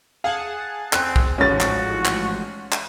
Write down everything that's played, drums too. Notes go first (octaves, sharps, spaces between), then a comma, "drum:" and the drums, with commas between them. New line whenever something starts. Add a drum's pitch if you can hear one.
G#4 F5 F#5 A5
C4 F#6, drum: clap
drum: kick
A1 G#2 F3 C#4 F#4 A6
drum: clap
drum: clap
drum: clap